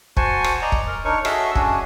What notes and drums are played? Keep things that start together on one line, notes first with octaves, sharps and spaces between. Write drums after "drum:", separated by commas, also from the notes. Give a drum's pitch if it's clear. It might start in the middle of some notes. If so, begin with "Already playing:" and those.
F#4 C5 G#5 A5 C#6, drum: kick
drum: rim click
D5 D#5 A#5
drum: kick
A#4
D4 D#4 A#4 C#5 C#6
F#4 G#4 A4 D#5 E5 E6, drum: rim click
C#4 D4 F#4 G#4, drum: kick